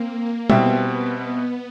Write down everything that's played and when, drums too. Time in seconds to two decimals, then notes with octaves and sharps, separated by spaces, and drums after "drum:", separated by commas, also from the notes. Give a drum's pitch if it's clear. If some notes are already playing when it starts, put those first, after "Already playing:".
Already playing: A#3 C4
0.50 B2 G3 B3 C4 E4, drum: tom G3